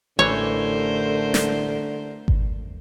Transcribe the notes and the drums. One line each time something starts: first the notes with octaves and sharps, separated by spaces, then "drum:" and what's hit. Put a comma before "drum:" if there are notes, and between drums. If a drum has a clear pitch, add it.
A1 D3 E3 A3 A#4 C5 C#5
drum: snare
drum: kick G#1